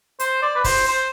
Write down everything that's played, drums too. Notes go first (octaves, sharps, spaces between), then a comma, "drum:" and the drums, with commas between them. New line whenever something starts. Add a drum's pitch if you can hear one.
C5, drum: hi-hat
D5
B4
C5, drum: kick, open hi-hat
C5